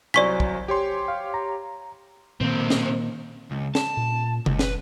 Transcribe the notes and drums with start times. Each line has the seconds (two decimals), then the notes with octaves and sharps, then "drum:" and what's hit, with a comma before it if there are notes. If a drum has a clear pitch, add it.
0.14 C2 F#3 C5 D5 G#5 C#6 B6
0.40 drum: kick
0.68 G4 C#5 C6
1.08 F5
1.34 A#5
2.41 B1 A#2 D#3 A#3 C4
2.70 drum: snare
3.51 C#2
3.75 A5, drum: snare
3.97 A#2
4.46 F#1 C#2, drum: tom C3
4.59 B4, drum: snare